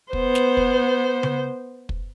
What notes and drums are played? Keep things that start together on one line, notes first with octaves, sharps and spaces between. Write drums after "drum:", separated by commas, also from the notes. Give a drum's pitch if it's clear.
B3 C5, drum: kick
drum: snare
drum: kick
drum: tom C#3
drum: kick